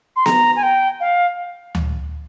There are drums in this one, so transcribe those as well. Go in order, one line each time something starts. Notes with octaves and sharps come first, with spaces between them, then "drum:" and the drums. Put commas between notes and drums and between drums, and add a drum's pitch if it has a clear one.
C6
A#5, drum: snare B3
G#5
G5
F5
drum: tom D2